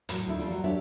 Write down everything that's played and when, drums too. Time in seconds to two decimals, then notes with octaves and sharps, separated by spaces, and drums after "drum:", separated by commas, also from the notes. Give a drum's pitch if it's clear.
0.09 A2 F#3, drum: hi-hat
0.27 D2 A3 E4
0.38 F3 G3 A3 C#4 D4 F4
0.51 F#3 G3
0.64 D4 G4 C#5 D5 E5